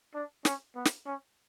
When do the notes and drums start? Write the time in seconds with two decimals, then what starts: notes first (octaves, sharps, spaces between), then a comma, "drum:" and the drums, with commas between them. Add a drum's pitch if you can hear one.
0.14 D4
0.45 C#4, drum: snare
0.76 B3
0.85 drum: snare
1.06 C#4